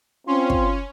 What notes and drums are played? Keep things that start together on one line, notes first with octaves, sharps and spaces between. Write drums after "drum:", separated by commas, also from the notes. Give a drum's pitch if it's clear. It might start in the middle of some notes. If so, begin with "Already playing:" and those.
C4 C#4 F4 C6
drum: kick